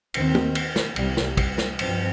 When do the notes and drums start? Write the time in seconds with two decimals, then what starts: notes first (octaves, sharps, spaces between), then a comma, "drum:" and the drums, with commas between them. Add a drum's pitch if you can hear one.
0.14 D#2 D#3 C4, drum: cymbal
0.35 drum: tom
0.55 drum: cymbal
0.76 drum: snare
0.96 C2 C3 G3, drum: cymbal
1.17 drum: snare
1.37 drum: kick, cymbal
1.58 drum: snare
1.79 G2 F3 C4, drum: cymbal